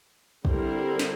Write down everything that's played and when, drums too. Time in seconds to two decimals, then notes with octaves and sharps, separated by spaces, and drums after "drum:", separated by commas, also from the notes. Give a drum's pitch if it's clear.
0.45 D3 G3 C4 E4 A#4, drum: kick
0.99 drum: snare